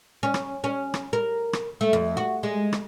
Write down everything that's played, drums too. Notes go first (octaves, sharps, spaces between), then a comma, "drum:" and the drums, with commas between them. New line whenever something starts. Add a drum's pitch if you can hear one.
C#4
drum: rim click
C#4
drum: rim click
A#4
drum: rim click
A3
F2
F#4
G#3
drum: rim click